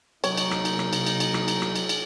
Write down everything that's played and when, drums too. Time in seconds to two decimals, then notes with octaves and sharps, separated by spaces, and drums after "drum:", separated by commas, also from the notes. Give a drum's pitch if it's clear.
0.24 C3 F#3 A#3 D#4 C#5, drum: cymbal
0.37 drum: cymbal
0.51 drum: rim click
0.65 drum: cymbal
0.79 drum: rim click
0.93 drum: cymbal
1.06 drum: cymbal
1.20 drum: cymbal
1.34 drum: rim click
1.48 drum: cymbal
1.62 drum: rim click
1.76 drum: cymbal
1.89 drum: cymbal